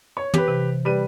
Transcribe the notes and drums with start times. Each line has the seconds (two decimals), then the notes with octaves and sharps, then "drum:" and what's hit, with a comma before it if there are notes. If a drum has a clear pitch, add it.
0.17 C#5
0.34 G4 B4, drum: tom
0.48 C3 E3
0.85 G3 B4 D#7